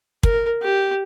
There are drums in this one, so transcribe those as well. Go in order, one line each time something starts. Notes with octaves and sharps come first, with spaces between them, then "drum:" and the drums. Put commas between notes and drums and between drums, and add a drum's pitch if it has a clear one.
A#4, drum: kick
G4